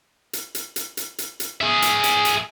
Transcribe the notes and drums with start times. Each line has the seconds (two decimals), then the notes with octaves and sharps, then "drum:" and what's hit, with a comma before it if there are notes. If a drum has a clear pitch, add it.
0.33 drum: hi-hat
0.55 drum: hi-hat
0.76 drum: hi-hat
0.97 drum: hi-hat
1.18 drum: hi-hat
1.40 drum: hi-hat
1.61 G#4 E5
1.82 drum: hi-hat
2.04 drum: hi-hat
2.25 drum: hi-hat